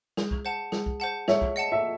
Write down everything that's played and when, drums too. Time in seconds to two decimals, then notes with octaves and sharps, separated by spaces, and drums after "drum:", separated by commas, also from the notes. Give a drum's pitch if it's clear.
0.17 G#4, drum: snare
0.31 drum: kick
0.45 C5 F#5 A5
0.72 G#4, drum: snare
0.86 drum: kick
1.00 C5 F#5 A5
1.28 G#4 C#5 E5, drum: snare
1.41 drum: kick
1.56 D#5 F#5 A5
1.72 E5